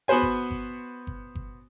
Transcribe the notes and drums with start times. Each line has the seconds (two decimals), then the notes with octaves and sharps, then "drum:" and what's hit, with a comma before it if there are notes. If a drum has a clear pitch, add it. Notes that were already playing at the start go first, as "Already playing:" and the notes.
0.08 B3 F#4 B4 C5 G#5
0.22 drum: kick G1
0.51 drum: kick G1
1.07 drum: kick G1
1.35 drum: kick G1